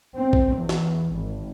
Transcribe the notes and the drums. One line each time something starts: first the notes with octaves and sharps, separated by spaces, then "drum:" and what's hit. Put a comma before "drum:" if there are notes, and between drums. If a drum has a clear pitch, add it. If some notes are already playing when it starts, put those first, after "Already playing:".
C4
drum: kick
E2
drum: snare
G#1